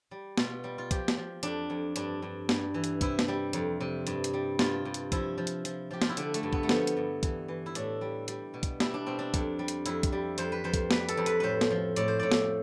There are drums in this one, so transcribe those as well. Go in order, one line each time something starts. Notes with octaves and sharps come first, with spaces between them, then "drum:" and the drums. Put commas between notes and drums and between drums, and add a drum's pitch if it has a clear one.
G3
B2 F4, drum: snare
G3
F4
F3 G4, drum: kick, hi-hat
drum: snare
F3
F2 D4, drum: hi-hat
F2
G2 D4, drum: hi-hat
G2
G2, drum: snare
E3
drum: hi-hat
C3 E4, drum: kick, hi-hat
drum: snare
G3
F2, drum: hi-hat
C3
G2, drum: hi-hat
drum: hi-hat
G3
G2 F4, drum: snare
G2
drum: hi-hat
F3 E4, drum: kick, hi-hat
F3
drum: hi-hat
F3, drum: hi-hat
F3 G4
F4, drum: snare
E4
D3 D4, drum: hi-hat
A3, drum: hi-hat
G2
B3, drum: kick
A3
F3 B3, drum: snare
drum: hi-hat
G2
E3, drum: kick, hi-hat
E3
E4
A2 D4, drum: hi-hat
G3
G3, drum: hi-hat
B2
drum: kick, hi-hat
G3 E4, drum: snare
D4
B2 C4
D4
F2, drum: kick, hi-hat
G3
drum: hi-hat
F2 E4, drum: hi-hat
drum: kick, hi-hat
G3
F2 C5, drum: hi-hat
B4
F2 C5
drum: kick, hi-hat
G3 B4, drum: snare
A4, drum: hi-hat
F2
B4, drum: hi-hat
A2 B4 C5
drum: snare
F3
A2 D5, drum: hi-hat
C5
A2 D5
drum: snare